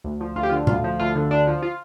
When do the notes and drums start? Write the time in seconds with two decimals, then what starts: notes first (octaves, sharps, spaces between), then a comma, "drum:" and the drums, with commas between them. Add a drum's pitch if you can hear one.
0.04 D2
0.21 F3
0.36 D2 F4
0.43 G4
0.50 D3 F4
0.67 D2 F4, drum: tom A#2
0.84 F3
1.00 D2 F4
1.15 D3
1.31 D2 D4
1.47 F3
1.62 F4